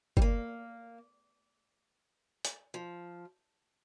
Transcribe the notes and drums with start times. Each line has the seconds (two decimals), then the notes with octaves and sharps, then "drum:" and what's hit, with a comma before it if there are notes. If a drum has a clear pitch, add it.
0.17 G3, drum: kick F#1
0.22 A#3
2.45 drum: hi-hat
2.74 F3